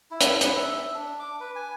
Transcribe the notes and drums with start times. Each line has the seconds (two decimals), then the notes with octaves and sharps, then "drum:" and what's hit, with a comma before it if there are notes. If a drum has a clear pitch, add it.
0.11 E4
0.21 drum: hi-hat
0.41 B4, drum: hi-hat
0.56 E5
0.76 E5
0.94 D4
1.19 D6
1.40 B4
1.56 G#5